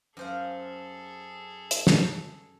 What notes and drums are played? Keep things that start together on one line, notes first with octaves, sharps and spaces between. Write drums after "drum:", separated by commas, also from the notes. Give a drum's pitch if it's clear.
F#2 G#4 A4 C5 F5
drum: hi-hat
drum: snare